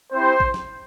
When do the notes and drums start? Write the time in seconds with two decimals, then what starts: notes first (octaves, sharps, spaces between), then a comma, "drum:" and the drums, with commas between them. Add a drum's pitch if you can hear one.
0.13 C4 E4 G4 C5
0.40 drum: kick
0.54 drum: snare